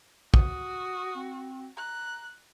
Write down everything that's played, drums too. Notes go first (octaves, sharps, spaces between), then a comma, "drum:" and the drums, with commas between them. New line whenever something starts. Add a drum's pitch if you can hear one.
F#4 D#6, drum: kick
C4
A#5 F#6